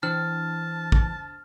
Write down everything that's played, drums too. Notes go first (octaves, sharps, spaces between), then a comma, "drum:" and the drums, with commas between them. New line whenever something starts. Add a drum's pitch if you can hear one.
E3 D4 C5 A5 F6
drum: kick